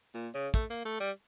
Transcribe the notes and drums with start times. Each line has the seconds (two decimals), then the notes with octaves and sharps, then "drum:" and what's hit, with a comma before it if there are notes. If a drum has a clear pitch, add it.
0.14 A#2
0.34 C#3
0.54 A3, drum: kick
0.70 A#3
0.85 A3
1.00 G3